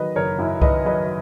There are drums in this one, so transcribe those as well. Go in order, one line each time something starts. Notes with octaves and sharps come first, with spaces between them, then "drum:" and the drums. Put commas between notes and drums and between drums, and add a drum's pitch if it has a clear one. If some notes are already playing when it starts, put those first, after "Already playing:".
Already playing: D#3 F#3 B4 D#5
F#1 A#4 C#5
F#2 E4
E5
D#3 B4 D#5, drum: kick C2
F#3 B4 D#5